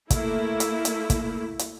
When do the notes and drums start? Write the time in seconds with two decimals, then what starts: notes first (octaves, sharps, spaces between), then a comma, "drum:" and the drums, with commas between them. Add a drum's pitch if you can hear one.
0.10 A3 A#3 E4, drum: kick, hi-hat
0.60 drum: hi-hat
0.85 drum: hi-hat
1.10 drum: kick, hi-hat
1.59 drum: hi-hat